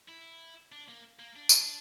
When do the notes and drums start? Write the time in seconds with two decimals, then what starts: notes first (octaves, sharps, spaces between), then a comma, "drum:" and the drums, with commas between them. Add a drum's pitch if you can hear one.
0.09 E4
0.72 D4
0.89 A#3
1.19 A#3
1.36 D4
1.49 drum: tambourine